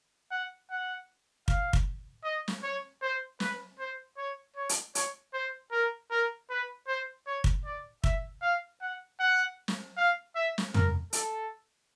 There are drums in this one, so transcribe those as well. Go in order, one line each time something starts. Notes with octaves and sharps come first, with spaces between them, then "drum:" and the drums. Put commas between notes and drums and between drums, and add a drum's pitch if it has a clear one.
F#5
F#5
F5, drum: kick
drum: kick
D#5
drum: snare
C#5
C5
B4, drum: snare
C5
C#5
C#5
drum: hi-hat
C#5, drum: hi-hat
C5
A#4
A#4
B4
C5
C#5
drum: kick
D5
E5, drum: kick
F5
F#5
F#5
drum: snare
F5
E5
drum: snare
A#4, drum: tom
A4, drum: hi-hat